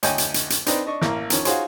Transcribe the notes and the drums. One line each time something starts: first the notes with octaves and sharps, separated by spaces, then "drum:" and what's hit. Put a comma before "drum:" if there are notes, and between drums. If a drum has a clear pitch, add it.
D2 C#5 D#5 G5 G#5, drum: hi-hat
drum: hi-hat
drum: hi-hat
drum: hi-hat
C4 D4 D#4 B4, drum: hi-hat
D4 D#5 C#6
A1 A#3, drum: snare
D#3 F3 C#4, drum: hi-hat
D#4 F4 F#4 G#4 C5 C#5, drum: hi-hat